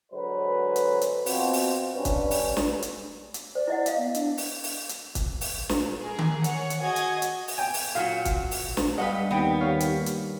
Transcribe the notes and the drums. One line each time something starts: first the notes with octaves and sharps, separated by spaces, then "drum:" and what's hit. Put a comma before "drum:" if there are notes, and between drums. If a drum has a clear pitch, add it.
D3 F#3 G#3 B4 C5
drum: hi-hat
drum: hi-hat
B2 C4 F4 F#4, drum: open hi-hat
drum: open hi-hat
G2 G3 C#4 D4 B4
drum: kick, hi-hat
drum: open hi-hat
drum: snare
drum: hi-hat
drum: hi-hat
C5 D5
E4 D#5 F#5
D5 D#5 F5, drum: hi-hat
B3
D4, drum: hi-hat
drum: open hi-hat
drum: open hi-hat
drum: hi-hat
drum: kick, hi-hat
drum: open hi-hat
A#2, drum: snare
G#4 A#4
drum: tom D#3
C#5 F#5, drum: hi-hat
drum: hi-hat
F#4 G#4 D#5 G#6
drum: hi-hat
drum: hi-hat
drum: open hi-hat
G5 G#5
drum: open hi-hat
A#2 F#3 F4 F#4
drum: kick, hi-hat
drum: open hi-hat
drum: snare
G2 G4 B4 D#5 F5 F#5
D#2 B3 C4 G5
C#5 F5
drum: hi-hat
drum: hi-hat